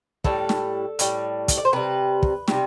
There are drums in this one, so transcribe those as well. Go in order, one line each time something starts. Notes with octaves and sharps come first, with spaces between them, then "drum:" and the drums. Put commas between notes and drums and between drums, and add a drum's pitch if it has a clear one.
A2 G3 A4, drum: kick
drum: snare
A2 G3, drum: hi-hat
drum: kick, hi-hat
D5
C5
C3 G3 B4
drum: kick
C3 G3, drum: snare